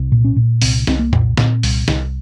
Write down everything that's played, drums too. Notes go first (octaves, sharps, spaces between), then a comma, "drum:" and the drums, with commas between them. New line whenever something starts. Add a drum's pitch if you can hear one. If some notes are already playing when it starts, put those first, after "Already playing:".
Already playing: C2
A#2
C#4
A#2
C2 C4, drum: open hi-hat
C2 C4, drum: snare
A#3
A#2, drum: tom F2
A#2 C4, drum: snare
C2, drum: open hi-hat
C2, drum: snare